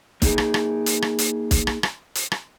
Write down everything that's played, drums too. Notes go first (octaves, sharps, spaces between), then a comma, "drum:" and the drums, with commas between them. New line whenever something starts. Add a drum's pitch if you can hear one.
A#3 D#4 G#4, drum: kick B1, hi-hat
drum: rim click
drum: rim click
drum: hi-hat
drum: rim click
drum: hi-hat
drum: kick B1, hi-hat
drum: rim click
drum: rim click
drum: hi-hat
drum: rim click